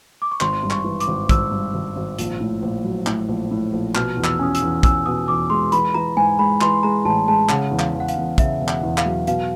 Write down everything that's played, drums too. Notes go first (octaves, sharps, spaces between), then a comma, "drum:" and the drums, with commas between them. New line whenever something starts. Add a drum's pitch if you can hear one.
D6
C#6
G#1 C6, drum: clap
G2
C#6, drum: clap
E3
D6, drum: hi-hat
G#1
G#1 E6, drum: kick, hi-hat
G2
G#1
G#1
A#1, drum: hi-hat
A2
A#1
F#3
A2, drum: clap
A#1
A2
A#1
B2 F6, drum: clap
E2
E6, drum: clap
C#4 D#6
E6, drum: hi-hat
E2
C#4 E6, drum: kick, hi-hat
B2 D#6
E2 D6
G#3 C6
E3 B5, drum: hi-hat
E3 A#5
G#2 G#5
G#3 B5
E3 C6, drum: clap
G#3 A#5
A1 A5
G#3 A5
C#3 F#5, drum: clap
E2
F5, drum: clap
E2
F#5
F5, drum: hi-hat
E2
C#3 E5, drum: kick, hi-hat
E1
F#5, drum: clap
E2
F5, drum: clap
F#3
B2 F5, drum: hi-hat